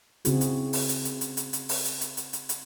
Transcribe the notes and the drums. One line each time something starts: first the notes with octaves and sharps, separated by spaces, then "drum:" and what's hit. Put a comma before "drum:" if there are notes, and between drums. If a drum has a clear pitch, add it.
C#3 C4 E4 F#4 G#4, drum: hi-hat
drum: hi-hat
drum: open hi-hat
drum: hi-hat
drum: hi-hat
drum: hi-hat
drum: hi-hat
drum: hi-hat
drum: open hi-hat
drum: hi-hat
drum: hi-hat
drum: hi-hat
drum: hi-hat
drum: hi-hat